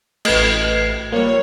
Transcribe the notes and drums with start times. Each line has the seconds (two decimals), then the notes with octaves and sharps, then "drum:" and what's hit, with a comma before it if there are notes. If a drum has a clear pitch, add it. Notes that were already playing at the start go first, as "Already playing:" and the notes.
0.25 A1 A3 B4 D#5, drum: cymbal
1.12 F3 G3 A#3 C#5